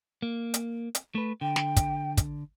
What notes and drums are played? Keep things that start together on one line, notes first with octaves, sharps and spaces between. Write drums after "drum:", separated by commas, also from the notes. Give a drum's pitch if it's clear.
A#3
drum: hi-hat
drum: hi-hat
A3 B4
D3 G5
drum: snare
drum: kick, hi-hat
drum: kick, hi-hat